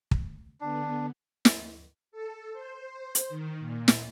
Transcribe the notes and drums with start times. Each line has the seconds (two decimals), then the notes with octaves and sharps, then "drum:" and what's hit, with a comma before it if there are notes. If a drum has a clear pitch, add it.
0.11 drum: kick
0.61 D3 B3 D4
1.45 drum: snare
2.12 A4
2.53 C5
3.15 drum: hi-hat
3.29 D#3
3.60 A#2
3.88 drum: snare